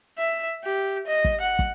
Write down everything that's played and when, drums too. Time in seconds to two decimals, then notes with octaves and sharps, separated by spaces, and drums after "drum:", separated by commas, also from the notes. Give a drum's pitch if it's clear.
0.19 E5
0.64 G4
1.07 D#5
1.24 drum: kick
1.41 F#5
1.59 drum: kick